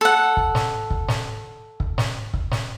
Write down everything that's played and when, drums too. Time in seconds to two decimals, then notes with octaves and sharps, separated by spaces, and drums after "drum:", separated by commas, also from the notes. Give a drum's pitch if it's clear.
0.01 A4 F#5
0.37 drum: kick
0.55 drum: snare
0.90 drum: kick
1.08 drum: snare
1.80 drum: kick
1.98 drum: snare
2.34 drum: kick
2.51 drum: snare